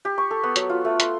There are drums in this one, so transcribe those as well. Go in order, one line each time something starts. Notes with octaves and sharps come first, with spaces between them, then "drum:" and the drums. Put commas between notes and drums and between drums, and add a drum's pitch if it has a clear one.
G4
C#6
A4
B3
F#3, drum: hi-hat
F4
A3
C6, drum: hi-hat